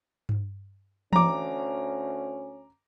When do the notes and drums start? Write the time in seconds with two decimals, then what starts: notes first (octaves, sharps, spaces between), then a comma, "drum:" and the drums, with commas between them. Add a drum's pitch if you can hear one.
0.29 drum: tom G2
1.13 D2 C#4 A#5 D6, drum: tom E3